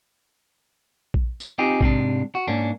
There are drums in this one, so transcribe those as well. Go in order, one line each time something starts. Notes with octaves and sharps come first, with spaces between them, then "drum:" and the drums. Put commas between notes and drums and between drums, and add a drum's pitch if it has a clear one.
drum: kick A#1
drum: tambourine
C4 D#4 F4 G4 G#4
G#2 C3 G#3 D4, drum: kick A#1
F#4
G#2 A#3 C#4 D4